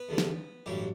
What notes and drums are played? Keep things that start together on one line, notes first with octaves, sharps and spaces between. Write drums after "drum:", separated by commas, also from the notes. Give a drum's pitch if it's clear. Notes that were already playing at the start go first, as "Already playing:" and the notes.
Already playing: B3 B4
E2 D3 G3
drum: snare
A1 G2 F#3 G3 G4